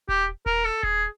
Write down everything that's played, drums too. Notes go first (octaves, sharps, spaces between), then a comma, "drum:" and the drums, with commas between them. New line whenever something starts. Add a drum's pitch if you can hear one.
G4, drum: kick D#1
A#4, drum: kick D#1
A4
G#4, drum: kick D#1